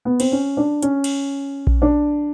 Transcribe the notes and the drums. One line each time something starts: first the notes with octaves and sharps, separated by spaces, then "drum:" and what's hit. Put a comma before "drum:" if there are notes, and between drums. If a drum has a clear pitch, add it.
B3
C4, drum: cymbal
C#4
D4
C#4, drum: hi-hat
drum: cymbal
drum: kick A#1
D4